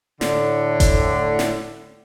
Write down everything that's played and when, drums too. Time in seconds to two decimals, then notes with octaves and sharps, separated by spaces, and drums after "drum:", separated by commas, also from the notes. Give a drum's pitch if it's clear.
0.21 A2 D3, drum: snare
0.80 drum: kick F#1, hi-hat
1.39 drum: snare